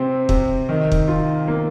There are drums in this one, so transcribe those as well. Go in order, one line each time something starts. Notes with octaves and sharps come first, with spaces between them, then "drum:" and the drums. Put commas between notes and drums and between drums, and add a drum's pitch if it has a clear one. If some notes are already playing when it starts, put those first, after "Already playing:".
Already playing: C3 C4
C3, drum: kick
D#3
drum: kick
F4
A#3